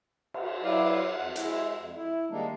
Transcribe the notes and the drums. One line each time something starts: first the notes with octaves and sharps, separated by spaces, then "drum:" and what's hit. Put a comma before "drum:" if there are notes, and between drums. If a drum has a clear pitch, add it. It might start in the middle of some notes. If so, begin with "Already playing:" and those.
drum: cymbal
F#3 E4 B4 D5 F5
F2 F#5
G#3 E4, drum: hi-hat
F2
E4
D#3 G3 G#3 A#3 D4 D#4